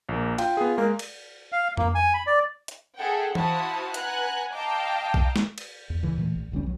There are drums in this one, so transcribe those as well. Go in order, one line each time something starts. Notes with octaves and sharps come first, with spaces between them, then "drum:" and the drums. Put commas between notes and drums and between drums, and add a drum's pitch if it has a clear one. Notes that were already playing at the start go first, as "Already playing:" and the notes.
A#1 A#3
F4 G5, drum: cymbal
B3 G#4
G#3 A#3
drum: cymbal
F5
A#3, drum: tom F2
G#5
B5
D5
drum: hi-hat
G#4 A4 E5 F#5 G5
E4 F#4 C5 F5 A5 D#6, drum: tom E3
B4 F#5 G#5 A#5 F#6, drum: hi-hat
D#5 F5 G5 A5 A#5 D6
drum: kick B1
drum: snare
drum: cymbal
E2
D2 C#3 E3
A#2 E3 F3 A3
A1
F1 D2 G3 C#4
A#1 F#3